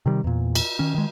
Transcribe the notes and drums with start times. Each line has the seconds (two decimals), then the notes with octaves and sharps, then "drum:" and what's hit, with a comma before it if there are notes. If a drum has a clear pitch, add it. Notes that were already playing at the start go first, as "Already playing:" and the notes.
0.06 C3 D#3 G3
0.24 E2 A#2
0.55 drum: cymbal
0.79 D#3 C#4
0.95 D#3 G#3